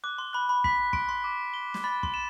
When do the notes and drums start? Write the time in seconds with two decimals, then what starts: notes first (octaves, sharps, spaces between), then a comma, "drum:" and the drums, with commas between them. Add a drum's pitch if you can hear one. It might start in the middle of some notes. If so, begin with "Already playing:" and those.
0.04 D6 F#6
0.18 C6
0.33 B5 F#6
0.49 B5
0.64 B5 B6, drum: kick
0.93 C6 D7, drum: kick
1.09 C6
1.24 D6
1.54 G7
1.74 drum: snare
1.84 B5 A6
2.03 C6, drum: kick
2.14 E7